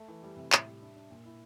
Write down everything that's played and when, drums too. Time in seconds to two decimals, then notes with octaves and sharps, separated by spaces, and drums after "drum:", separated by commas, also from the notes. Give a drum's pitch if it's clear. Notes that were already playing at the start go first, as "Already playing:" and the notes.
Already playing: A3
0.08 E3
0.23 G3
0.37 C3
0.53 A2, drum: clap
0.67 G3
0.82 D4
0.96 D4
1.11 A#2
1.25 E4